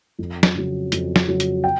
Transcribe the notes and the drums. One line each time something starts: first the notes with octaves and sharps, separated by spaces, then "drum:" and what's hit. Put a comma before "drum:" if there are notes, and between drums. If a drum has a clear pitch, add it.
F2
drum: snare
C#3 F#3
F2, drum: hi-hat
drum: snare
C#3 F#3
drum: hi-hat
G5